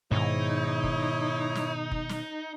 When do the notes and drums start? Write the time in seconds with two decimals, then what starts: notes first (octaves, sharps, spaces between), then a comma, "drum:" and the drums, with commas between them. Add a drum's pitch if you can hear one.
0.12 G#2 B2 D#3 D#4 E4 C#5
0.84 drum: kick F1
1.55 drum: snare
1.91 drum: kick F1
2.09 drum: snare